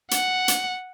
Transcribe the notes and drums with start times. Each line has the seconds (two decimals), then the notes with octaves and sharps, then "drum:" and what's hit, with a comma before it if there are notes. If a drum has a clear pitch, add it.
0.11 F#5, drum: hi-hat
0.48 drum: hi-hat